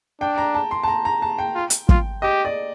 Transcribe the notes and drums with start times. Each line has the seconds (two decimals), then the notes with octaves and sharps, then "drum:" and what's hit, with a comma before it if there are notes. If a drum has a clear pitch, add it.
0.21 D4 G5
0.38 A#5
0.55 A5
0.71 C6
0.83 A5
0.88 A#5
1.05 A#5
1.22 A5
1.38 G5
1.55 F4
1.70 drum: hi-hat
1.89 F4, drum: kick
2.22 G4 D#5
2.45 D5